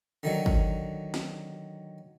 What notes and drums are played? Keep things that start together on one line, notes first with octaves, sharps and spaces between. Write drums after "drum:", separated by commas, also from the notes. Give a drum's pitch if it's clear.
D3 D#3 F#3
drum: kick
drum: snare